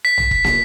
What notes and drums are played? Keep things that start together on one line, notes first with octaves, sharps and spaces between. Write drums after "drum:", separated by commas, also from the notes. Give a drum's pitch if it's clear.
B6
drum: tom A#1
drum: kick E1
drum: snare